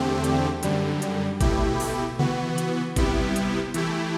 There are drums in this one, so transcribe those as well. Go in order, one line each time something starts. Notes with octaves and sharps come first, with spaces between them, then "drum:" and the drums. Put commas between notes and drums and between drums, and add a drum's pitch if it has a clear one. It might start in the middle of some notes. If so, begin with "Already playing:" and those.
Already playing: E2 D3 A3 C4 G4
drum: hi-hat
F#2 D3 G3, drum: hi-hat
drum: hi-hat
B2 A3 E4 G4, drum: kick, hi-hat
drum: open hi-hat
E3 B3 F#4, drum: tom C3
drum: hi-hat
C3 G3 B3 E4 G4, drum: kick, hi-hat
drum: hi-hat
E3 A3 E4 G4, drum: hi-hat